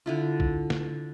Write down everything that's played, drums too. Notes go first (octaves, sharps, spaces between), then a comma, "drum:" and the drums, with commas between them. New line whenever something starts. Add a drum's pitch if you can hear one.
D3 E4 F4
drum: kick
drum: snare